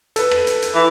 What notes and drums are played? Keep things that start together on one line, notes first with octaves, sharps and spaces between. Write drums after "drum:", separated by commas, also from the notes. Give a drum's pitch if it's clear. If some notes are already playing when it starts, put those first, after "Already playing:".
A4 B4, drum: hi-hat
drum: rim click
drum: hi-hat
drum: hi-hat
E3